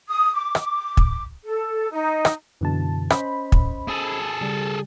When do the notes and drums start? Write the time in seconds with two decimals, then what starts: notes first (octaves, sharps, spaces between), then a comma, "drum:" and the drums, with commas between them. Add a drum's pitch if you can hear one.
0.07 D#6
0.34 D6
0.55 drum: rim click
0.97 drum: kick
1.44 A4
1.91 D#4
2.25 drum: rim click
2.61 F#2 B2 D3 E3 A5
3.10 C#4 C5 D#5 B5, drum: rim click
3.52 drum: kick
3.89 G#4 A4
4.41 C#3 G3